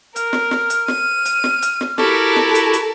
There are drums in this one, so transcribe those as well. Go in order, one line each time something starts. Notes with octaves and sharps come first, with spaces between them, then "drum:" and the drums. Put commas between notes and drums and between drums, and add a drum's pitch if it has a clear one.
A#4 F6, drum: hi-hat
drum: snare
drum: snare
drum: hi-hat
D#7, drum: snare
drum: hi-hat
drum: snare
drum: hi-hat
drum: snare
E4 F#4 G4 A4 A#4, drum: snare
drum: snare
drum: hi-hat
drum: hi-hat